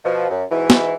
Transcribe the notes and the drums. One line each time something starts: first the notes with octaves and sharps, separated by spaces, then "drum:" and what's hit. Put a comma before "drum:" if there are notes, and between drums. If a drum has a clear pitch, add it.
B2 F3
F#2
G#2 B2 E3
drum: snare